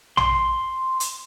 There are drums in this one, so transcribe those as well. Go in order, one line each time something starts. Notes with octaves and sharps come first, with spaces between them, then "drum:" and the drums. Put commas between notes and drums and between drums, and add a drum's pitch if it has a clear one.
C6, drum: tom
drum: hi-hat